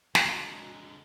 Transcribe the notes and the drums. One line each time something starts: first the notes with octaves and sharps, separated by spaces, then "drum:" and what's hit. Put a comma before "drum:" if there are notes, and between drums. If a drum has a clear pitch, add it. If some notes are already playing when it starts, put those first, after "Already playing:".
D3 G#3 F#4 A#5, drum: snare